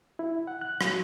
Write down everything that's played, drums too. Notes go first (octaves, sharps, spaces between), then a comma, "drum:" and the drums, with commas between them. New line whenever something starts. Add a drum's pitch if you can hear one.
E4
F#5
F#6
F#3, drum: rim click